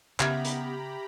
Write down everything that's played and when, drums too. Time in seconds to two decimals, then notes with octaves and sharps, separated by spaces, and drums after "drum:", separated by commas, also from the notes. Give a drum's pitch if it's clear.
0.20 C#3 B3 G4 E5 A#5 B5 F6 G#6, drum: clap
0.45 drum: hi-hat